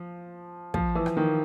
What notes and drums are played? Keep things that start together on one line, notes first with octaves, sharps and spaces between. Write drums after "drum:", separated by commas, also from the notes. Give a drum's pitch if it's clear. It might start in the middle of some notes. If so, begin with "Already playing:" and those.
Already playing: F3
F3, drum: kick
E3
drum: rim click
D#3